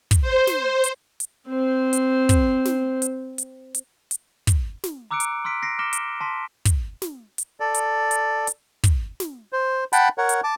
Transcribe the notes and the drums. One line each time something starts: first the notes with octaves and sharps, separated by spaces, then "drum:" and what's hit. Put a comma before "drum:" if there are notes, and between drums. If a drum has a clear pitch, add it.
drum: kick, hi-hat
C5
drum: snare
drum: hi-hat
drum: hi-hat
C4 C5
drum: hi-hat
drum: kick, hi-hat
drum: snare
drum: hi-hat
drum: hi-hat
drum: hi-hat
drum: hi-hat
drum: kick, hi-hat
drum: snare
A#5 D6 E6 F#6 C#7 D7
drum: hi-hat
C6 E6 F6 B6 D7
A#6 C7 D7
D6 F6 A#6 C#7 E7 G7
drum: hi-hat
A5 C6 B6
drum: kick, hi-hat
drum: snare
drum: hi-hat
A4 D5
drum: hi-hat
drum: hi-hat
drum: hi-hat
drum: kick, hi-hat
drum: snare
C5
F#5 G5 A5 B5, drum: hi-hat
A#4 C#5 F#5
drum: hi-hat
A5 D6